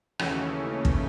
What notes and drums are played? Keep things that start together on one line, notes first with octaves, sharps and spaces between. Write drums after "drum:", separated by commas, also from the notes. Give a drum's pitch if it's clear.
D#2 C#3 E3 A3 C#4 F#4, drum: rim click
drum: kick